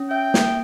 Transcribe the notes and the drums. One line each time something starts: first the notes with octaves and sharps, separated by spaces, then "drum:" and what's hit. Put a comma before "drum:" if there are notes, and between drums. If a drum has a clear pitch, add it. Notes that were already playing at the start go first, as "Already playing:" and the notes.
Already playing: C#4
E5 G5
A#3, drum: snare